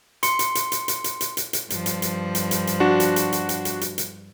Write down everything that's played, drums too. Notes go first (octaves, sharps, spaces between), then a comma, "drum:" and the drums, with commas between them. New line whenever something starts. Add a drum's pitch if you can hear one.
C6 C#7, drum: hi-hat
drum: hi-hat
drum: hi-hat
drum: hi-hat
drum: hi-hat
drum: hi-hat
drum: hi-hat
drum: hi-hat
drum: hi-hat
G2 F3, drum: hi-hat
drum: hi-hat
drum: hi-hat
drum: hi-hat
drum: hi-hat
drum: hi-hat
D4 F#4
drum: hi-hat
drum: hi-hat
drum: hi-hat
drum: hi-hat
drum: hi-hat
drum: hi-hat
drum: hi-hat